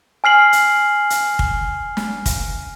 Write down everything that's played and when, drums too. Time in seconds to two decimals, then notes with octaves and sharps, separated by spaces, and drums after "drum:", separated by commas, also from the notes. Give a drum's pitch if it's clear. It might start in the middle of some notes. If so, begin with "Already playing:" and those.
0.24 G#5 F6 C7 F#7
0.53 drum: hi-hat
1.10 drum: hi-hat
1.39 drum: kick
1.97 drum: snare
2.26 drum: kick, hi-hat